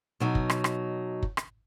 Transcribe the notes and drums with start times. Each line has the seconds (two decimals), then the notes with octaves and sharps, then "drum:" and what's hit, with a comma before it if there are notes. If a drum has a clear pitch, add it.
0.20 B2 F#3 D#4
0.35 drum: kick
0.50 drum: rim click
0.64 drum: rim click
1.22 drum: kick
1.37 drum: rim click